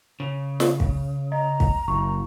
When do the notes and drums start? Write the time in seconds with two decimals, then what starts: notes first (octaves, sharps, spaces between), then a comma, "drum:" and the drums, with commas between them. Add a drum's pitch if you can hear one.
0.20 C#3
0.60 drum: snare
0.80 drum: kick
1.32 D#5 A#5
1.60 drum: kick
1.88 F#1 C#6